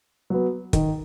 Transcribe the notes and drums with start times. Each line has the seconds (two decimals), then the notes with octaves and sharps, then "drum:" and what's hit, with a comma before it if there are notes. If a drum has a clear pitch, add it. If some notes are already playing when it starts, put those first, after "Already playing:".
0.30 F#3 B3
0.73 D#3, drum: kick, hi-hat